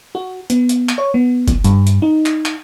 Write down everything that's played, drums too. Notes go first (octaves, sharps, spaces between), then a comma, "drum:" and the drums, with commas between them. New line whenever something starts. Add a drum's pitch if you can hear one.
F#4
B3, drum: hi-hat
drum: hi-hat
drum: clap
C#5
B3
drum: kick F#1, hi-hat
G2, drum: hi-hat
drum: hi-hat
D#4
drum: clap
drum: clap